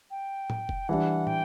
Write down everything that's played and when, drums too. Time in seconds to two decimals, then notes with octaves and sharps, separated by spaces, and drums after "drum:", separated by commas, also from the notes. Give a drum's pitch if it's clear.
0.11 G5
0.50 drum: tom A2
0.69 drum: kick F1
0.88 E3 G3 D4 F#5
1.27 G5, drum: tom